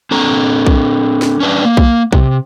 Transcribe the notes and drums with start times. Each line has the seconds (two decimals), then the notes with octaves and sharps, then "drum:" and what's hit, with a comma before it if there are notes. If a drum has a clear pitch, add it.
0.11 C4 D4 A4 A#5
0.66 drum: kick B1
1.22 drum: snare
1.40 C#4 D4 B4
1.65 A#3
1.77 drum: kick B1
2.12 C3, drum: kick B1